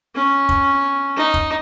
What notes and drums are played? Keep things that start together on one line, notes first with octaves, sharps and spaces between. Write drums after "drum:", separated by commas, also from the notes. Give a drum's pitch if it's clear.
C#4
drum: kick
D#4
drum: kick